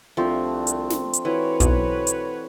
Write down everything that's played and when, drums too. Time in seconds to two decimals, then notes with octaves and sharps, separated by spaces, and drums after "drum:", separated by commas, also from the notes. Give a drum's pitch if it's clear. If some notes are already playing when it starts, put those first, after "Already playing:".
0.17 C2 F3 A3 C4 D4
0.67 drum: hi-hat
0.90 drum: snare
1.14 drum: hi-hat
1.25 E3 F#4 B4 C#5
1.60 B1, drum: kick, hi-hat
2.07 drum: hi-hat